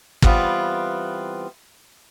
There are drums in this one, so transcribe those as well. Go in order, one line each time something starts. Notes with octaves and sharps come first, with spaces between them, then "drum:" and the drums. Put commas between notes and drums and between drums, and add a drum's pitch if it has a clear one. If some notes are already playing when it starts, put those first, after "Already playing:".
E3 G3 B3 C4 F4, drum: kick